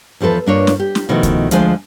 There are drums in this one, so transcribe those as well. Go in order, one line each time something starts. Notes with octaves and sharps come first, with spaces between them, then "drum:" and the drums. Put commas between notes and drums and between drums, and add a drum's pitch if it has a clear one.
E2 F3 G4 A4 B4
G2 A#3 D4 F4 C#5
drum: snare
G4
drum: snare
B2 D#3 F3 A3 E4 F#4
drum: kick C2, hi-hat
D2 F3 G#3 D4 C5 G#5, drum: hi-hat